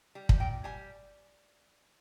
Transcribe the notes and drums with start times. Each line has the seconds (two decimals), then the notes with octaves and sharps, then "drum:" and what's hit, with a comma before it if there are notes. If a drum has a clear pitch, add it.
0.15 G3
0.29 drum: kick
0.40 A#2 G5
0.64 G3 G#5